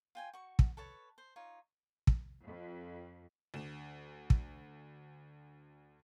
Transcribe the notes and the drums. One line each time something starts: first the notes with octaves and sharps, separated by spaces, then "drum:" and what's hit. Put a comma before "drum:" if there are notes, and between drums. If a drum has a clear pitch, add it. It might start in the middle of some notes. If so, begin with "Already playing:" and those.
F4 G5 G#5
F#4 C#6
drum: kick
A4 B4 C#5 A5
C5
D#4 F4 C#5
drum: kick
F2
D2 E7
drum: kick